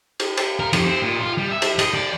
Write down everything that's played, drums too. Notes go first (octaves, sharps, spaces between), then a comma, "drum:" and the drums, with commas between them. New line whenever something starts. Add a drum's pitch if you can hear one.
drum: cymbal
drum: cymbal
A#4
F2, drum: cymbal
C4
A#2
F4
G3
E5
drum: cymbal
D#5, drum: cymbal
D5